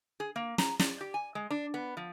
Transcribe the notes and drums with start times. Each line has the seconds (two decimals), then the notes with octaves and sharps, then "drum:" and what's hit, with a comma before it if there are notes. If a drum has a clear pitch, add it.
0.20 G#4
0.36 A#3
0.58 A#5, drum: snare
0.79 D5, drum: snare
1.01 G4
1.14 G#5
1.35 G#3
1.50 D4
1.74 B3
1.97 F3